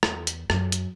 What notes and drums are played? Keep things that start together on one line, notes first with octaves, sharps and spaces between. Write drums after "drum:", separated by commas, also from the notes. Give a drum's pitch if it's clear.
E2, drum: rim click
drum: hi-hat
F#2, drum: rim click
drum: hi-hat